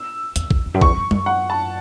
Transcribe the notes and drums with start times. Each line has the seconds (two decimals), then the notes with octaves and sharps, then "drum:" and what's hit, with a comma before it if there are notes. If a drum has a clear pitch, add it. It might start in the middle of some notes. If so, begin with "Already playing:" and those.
Already playing: E6
0.36 E2, drum: hi-hat
0.51 E2, drum: kick A#1
0.66 E2
0.74 F#2
0.81 E2 C#6, drum: kick A#1
0.97 F#2
1.11 F#2, drum: tom G3
1.26 F#5
1.50 A5